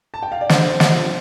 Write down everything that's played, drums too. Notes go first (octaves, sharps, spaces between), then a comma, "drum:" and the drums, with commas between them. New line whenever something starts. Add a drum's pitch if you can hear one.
A5
G5
F5
D5
D3 C5, drum: snare
D3
drum: snare
F3